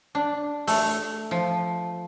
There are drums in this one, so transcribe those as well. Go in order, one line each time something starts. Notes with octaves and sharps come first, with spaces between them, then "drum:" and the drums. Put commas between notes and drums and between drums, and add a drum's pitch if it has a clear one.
D4
A3, drum: open hi-hat
F3